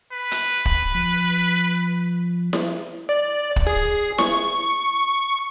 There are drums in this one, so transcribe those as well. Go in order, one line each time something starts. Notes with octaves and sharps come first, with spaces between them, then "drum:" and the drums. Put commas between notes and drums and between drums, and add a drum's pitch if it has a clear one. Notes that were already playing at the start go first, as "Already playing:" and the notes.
B4
drum: hi-hat
drum: kick
F3
drum: snare E4
D5
drum: kick
G#4
C#6, drum: snare E4